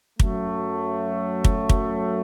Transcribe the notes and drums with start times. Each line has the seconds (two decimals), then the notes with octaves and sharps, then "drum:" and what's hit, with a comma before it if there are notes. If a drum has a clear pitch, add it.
0.20 F#2 F#3 A3, drum: kick
1.44 drum: kick
1.69 drum: kick